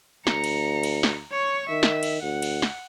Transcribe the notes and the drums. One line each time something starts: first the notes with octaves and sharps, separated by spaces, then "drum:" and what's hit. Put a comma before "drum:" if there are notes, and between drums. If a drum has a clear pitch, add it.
D2 A#5 C#7, drum: snare
drum: cymbal
drum: cymbal
drum: snare
C#5 C#6
D#3 E5
drum: snare
drum: cymbal
D2 F#5
drum: cymbal
drum: snare